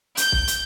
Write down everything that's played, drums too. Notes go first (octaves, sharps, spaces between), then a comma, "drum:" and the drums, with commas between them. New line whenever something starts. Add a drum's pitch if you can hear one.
G6, drum: hi-hat
drum: kick
drum: hi-hat